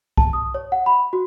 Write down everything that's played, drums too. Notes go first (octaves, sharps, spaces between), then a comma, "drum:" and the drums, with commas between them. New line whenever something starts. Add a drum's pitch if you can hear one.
A5, drum: kick C2
D#6
C#5
F#5
B5
F#4